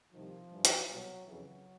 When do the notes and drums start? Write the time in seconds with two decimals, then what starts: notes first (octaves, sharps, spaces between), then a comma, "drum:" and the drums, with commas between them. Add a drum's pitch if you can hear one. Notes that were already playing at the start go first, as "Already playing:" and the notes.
0.13 C2 C3 D#3 F3
0.51 G2 E3
0.65 drum: hi-hat
0.88 C2 B2 F#3
1.25 F2 C#3 E3 F#3